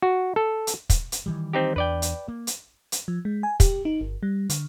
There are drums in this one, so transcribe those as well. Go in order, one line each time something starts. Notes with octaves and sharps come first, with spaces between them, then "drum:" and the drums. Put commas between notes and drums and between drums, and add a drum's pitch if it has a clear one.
F#4
A4
drum: hi-hat
drum: kick, hi-hat
drum: hi-hat
D#3 E3 G3
C4 D#4 G4
E2 D4 B4 D5 G5
drum: hi-hat
A#3
drum: hi-hat
drum: hi-hat
F3
G#3
G#5
G4, drum: kick, hi-hat
D#4
G1
G3
D3, drum: hi-hat